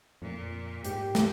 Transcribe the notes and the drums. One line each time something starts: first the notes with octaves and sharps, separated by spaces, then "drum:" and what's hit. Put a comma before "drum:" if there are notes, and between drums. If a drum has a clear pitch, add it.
F2 A#2
G#2 G4, drum: hi-hat
drum: snare